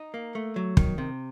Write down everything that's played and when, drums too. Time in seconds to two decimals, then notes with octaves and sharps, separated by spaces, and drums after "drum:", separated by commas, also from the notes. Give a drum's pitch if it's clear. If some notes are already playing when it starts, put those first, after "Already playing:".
Already playing: D#4
0.14 A#3
0.35 A3
0.56 F#3
0.77 D#3, drum: kick
0.98 C3